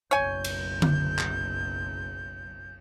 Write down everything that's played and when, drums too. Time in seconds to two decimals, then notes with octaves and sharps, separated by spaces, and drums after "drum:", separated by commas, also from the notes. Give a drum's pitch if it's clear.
0.11 F#1 B1 C#5 G#5 G6
0.44 drum: cymbal
0.82 drum: tom D3
1.19 drum: clap